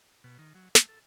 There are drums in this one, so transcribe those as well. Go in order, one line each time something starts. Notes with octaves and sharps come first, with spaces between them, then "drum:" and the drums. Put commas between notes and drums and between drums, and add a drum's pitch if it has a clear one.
B2
D#3
F#3
A3, drum: snare
A4